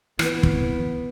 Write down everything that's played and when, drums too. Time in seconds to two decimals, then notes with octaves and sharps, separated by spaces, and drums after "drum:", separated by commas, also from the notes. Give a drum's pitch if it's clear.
0.19 E3 B3, drum: rim click
0.43 drum: kick